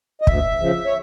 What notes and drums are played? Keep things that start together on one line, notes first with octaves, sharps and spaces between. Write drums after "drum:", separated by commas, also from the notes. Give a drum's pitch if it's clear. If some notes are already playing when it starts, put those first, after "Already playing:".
D#5
D2 E5, drum: kick
C#3 F3
C#5